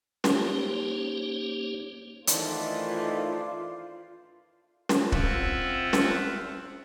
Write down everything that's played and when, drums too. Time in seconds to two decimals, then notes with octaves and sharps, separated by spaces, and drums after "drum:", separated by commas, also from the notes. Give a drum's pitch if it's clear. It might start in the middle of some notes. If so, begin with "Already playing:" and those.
0.24 A#3 C#4 D#4 G4 C5 C#5, drum: snare
2.27 D#3 E3 A3 D4 F4 C5 D5, drum: hi-hat
4.89 drum: snare
5.12 C4 F4 E5 F#5, drum: kick
5.93 drum: snare